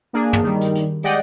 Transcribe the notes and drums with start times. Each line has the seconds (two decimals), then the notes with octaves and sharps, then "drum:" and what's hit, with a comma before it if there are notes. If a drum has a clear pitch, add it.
0.13 A#3 D4 G#4
0.33 drum: tom
0.43 D#3 G3
0.61 drum: hi-hat
0.75 drum: hi-hat
1.03 G#3 G4 D5 D#5 F#5 G5, drum: open hi-hat